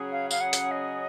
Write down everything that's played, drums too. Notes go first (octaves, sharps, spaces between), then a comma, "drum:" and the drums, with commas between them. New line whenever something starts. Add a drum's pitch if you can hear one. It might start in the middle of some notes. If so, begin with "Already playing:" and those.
Already playing: C#3 F#3 C#4 G#4
F5
F5, drum: tambourine
F#5
drum: hi-hat
D#5